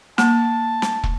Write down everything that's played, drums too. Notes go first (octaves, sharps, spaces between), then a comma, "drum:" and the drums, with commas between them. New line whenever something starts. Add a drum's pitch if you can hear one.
A#3 A5, drum: snare
drum: snare
drum: kick